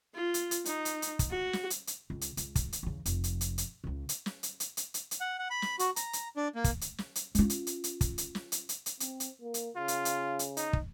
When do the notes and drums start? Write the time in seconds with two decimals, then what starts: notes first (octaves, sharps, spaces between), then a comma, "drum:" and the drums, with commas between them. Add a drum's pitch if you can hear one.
0.15 F4
0.34 drum: hi-hat
0.51 drum: hi-hat
0.65 D#4, drum: hi-hat
0.85 drum: hi-hat
1.02 drum: hi-hat
1.19 drum: kick, hi-hat
1.30 F#4
1.53 drum: snare
1.70 drum: hi-hat
1.87 drum: hi-hat
2.10 C#2
2.21 drum: hi-hat
2.37 C#2, drum: hi-hat
2.55 drum: kick, hi-hat
2.73 drum: hi-hat
2.83 E2 C#3
3.06 F1, drum: hi-hat
3.24 drum: hi-hat
3.41 drum: hi-hat
3.58 drum: hi-hat
3.84 C#2 C#3
4.09 drum: hi-hat
4.26 drum: snare
4.43 drum: hi-hat
4.60 drum: hi-hat
4.77 drum: hi-hat
4.94 drum: hi-hat
5.11 drum: hi-hat
5.21 F#5
5.39 F#5
5.50 B5
5.62 drum: snare
5.79 F#4, drum: hi-hat
5.96 A#5, drum: hi-hat
6.13 drum: hi-hat
6.37 D4
6.55 A#3
6.64 drum: kick, hi-hat
6.81 drum: hi-hat
6.98 drum: snare
7.15 drum: hi-hat
7.35 C#4 F4, drum: hi-hat
7.50 drum: hi-hat
7.67 drum: hi-hat
7.84 drum: hi-hat
8.01 drum: kick, hi-hat
8.18 drum: hi-hat
8.35 drum: snare
8.52 drum: hi-hat
8.69 drum: hi-hat
8.86 drum: hi-hat
9.00 C4, drum: hi-hat
9.20 drum: hi-hat
9.42 A#3
9.54 drum: hi-hat
9.76 C#3 F4
9.88 drum: hi-hat
10.05 drum: hi-hat
10.39 drum: hi-hat
10.57 D#4, drum: hi-hat
10.73 drum: kick